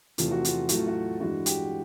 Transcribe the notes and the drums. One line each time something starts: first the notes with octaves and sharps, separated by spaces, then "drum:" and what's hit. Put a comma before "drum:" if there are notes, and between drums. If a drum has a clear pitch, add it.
E2 C3 F3 A3 F4, drum: hi-hat
F#4
F4, drum: hi-hat
A2 F#3 A3 F#4, drum: hi-hat
F4
F#4
G2 E3 G#3 F#4
G4, drum: hi-hat